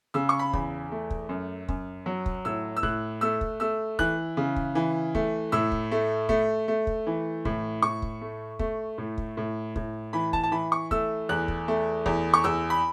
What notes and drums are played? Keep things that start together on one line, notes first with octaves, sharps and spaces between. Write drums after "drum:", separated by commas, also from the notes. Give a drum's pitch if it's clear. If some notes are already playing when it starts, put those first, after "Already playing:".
C#3 E6
C#6
B5
E2, drum: kick
A3
drum: kick
F#2
F#2, drum: kick
F#3
drum: kick
A2 E6
E6
A2 F#6, drum: kick
A3 E6
drum: kick
A3 E6
E3 F#6, drum: kick
C#3
drum: kick
E3
A3, drum: kick
A2 E6
drum: kick
A3
A3, drum: kick
A3
drum: kick
E3
A2, drum: kick
A2 C#6
drum: kick
A3
A3, drum: kick
A2
drum: kick
A2
A2, drum: kick
E3 B5
A5, drum: kick
A5
E3 B5
C#6
A3 E6, drum: kick
E2 F#6
drum: kick
A3
E2, drum: kick
C#6
E2 E6
B5